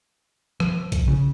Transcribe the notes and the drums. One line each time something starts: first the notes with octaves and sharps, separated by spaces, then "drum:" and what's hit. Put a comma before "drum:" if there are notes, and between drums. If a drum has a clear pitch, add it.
F3, drum: rim click
drum: kick, hi-hat
C#3